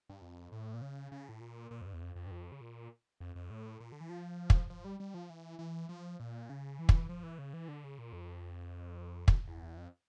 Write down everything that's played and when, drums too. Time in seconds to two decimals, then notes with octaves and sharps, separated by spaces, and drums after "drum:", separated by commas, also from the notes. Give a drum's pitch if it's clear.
0.09 G2
0.22 F2
0.52 A2
0.74 A#2
0.82 C#3
1.12 C#3
1.29 A2
1.41 A#2
1.71 A#2
1.81 F2
1.86 G2
1.93 E2
2.01 F2
2.16 F2
2.27 G2
2.31 F2
2.52 C#3
2.61 A#2
3.20 F2
3.35 F2
3.50 A2
3.80 A#2
3.92 D3
4.00 E3
4.09 F3
4.50 drum: kick
4.70 F3
4.85 G3
5.00 G3
5.14 F3
5.30 E3
5.59 E3
5.89 F3
6.20 A#2
6.50 C#3
6.79 E3
6.89 drum: kick
7.09 F3
7.23 E3
7.39 C#3
7.54 E3
7.68 D3
7.84 C#3
7.99 A#2
8.13 F2
9.28 drum: kick
9.48 E2
9.77 F2